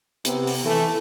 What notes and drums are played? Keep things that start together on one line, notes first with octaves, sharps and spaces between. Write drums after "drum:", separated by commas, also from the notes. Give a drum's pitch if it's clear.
C3 B3, drum: hi-hat
drum: open hi-hat
E3 A3